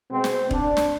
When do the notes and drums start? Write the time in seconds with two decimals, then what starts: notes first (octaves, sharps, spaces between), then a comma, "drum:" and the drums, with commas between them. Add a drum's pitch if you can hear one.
0.11 B2 G#3 B3 C4
0.24 drum: snare
0.51 D4, drum: kick E1
0.77 drum: snare